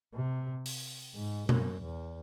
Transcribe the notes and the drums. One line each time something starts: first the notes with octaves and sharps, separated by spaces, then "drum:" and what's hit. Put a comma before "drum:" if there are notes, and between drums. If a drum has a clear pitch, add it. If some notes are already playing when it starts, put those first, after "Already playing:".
C3
drum: open hi-hat
G#2
F#2, drum: tom B2
E2